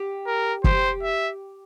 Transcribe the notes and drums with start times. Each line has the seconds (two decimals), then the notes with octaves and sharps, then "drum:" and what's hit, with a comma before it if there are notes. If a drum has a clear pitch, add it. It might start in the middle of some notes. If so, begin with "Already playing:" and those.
Already playing: G4
0.27 A#4
0.64 G4 C5, drum: kick
1.03 E5